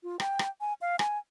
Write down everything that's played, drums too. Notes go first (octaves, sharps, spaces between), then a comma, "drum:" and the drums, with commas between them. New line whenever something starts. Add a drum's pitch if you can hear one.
F4
G5, drum: rim click
drum: rim click
G#5
F5
G#5, drum: rim click